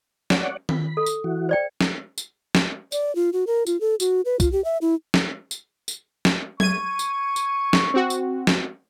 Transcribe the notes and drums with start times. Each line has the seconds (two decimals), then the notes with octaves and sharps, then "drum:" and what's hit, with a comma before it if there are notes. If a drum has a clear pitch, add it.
0.30 C#5 D5 F#5, drum: snare
0.69 B5, drum: tom D#3
0.97 A4
1.06 drum: tambourine
1.24 E3 F#4
1.49 C5 D5 G5
1.81 drum: snare
2.18 drum: tambourine
2.55 drum: snare
2.92 D5, drum: tambourine
3.15 F4
3.33 F#4
3.47 A#4
3.66 F4, drum: tambourine
3.81 A4
4.00 F#4, drum: tambourine
4.25 B4
4.40 F4, drum: kick C2, tambourine
4.52 G4
4.64 E5
4.82 E4
5.14 drum: snare
5.51 drum: tambourine
5.88 drum: tambourine
6.25 drum: snare
6.60 C#6 G#6 D#7, drum: tom F#3
6.99 drum: tambourine
7.36 drum: tambourine
7.73 drum: snare
7.94 C4 F#4
8.10 drum: tambourine
8.47 drum: snare